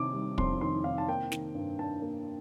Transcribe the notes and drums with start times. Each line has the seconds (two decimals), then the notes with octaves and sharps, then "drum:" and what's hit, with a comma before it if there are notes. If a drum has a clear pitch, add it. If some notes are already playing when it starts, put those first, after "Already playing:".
Already playing: C3 D#3 D6
0.14 G3
0.38 F2 C6, drum: kick
0.61 D#3 C6
0.84 C3 F5
0.98 A5
1.08 A#3 G5
1.32 D#3, drum: snare
1.55 G2
1.79 G2 A5
2.02 A#3